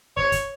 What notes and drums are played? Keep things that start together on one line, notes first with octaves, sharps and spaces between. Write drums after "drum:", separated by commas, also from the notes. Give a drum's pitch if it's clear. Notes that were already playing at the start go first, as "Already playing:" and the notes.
C#5, drum: kick
drum: kick, hi-hat